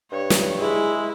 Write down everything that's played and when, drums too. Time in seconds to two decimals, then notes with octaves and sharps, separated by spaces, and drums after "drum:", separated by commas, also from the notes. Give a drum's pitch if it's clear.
0.12 G2 C#5
0.30 drum: snare
0.59 G#3 E4 G#4